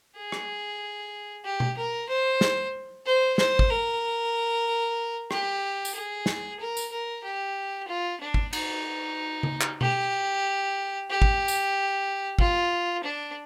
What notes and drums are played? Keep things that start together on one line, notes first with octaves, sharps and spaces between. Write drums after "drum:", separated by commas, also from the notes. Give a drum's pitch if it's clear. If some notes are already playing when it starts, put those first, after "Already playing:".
G#4
drum: rim click
G4
drum: tom B2
A#4
C5
drum: snare
C5
C5, drum: snare
drum: kick
A#4
G4, drum: rim click
drum: tambourine
G#4
drum: snare
A#4
drum: tambourine
A#4
G4
F4
D4
drum: kick
D#4, drum: cymbal
drum: tom C#3
drum: clap
G4, drum: tom B2
G4
drum: kick
drum: tambourine
F4, drum: kick
D4